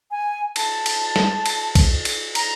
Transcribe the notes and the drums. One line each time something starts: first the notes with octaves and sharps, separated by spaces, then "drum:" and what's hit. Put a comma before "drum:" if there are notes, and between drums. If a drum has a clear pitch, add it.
G#5
A5, drum: cymbal
drum: cymbal
drum: snare
drum: cymbal
drum: kick B1, cymbal
drum: cymbal
A#5, drum: cymbal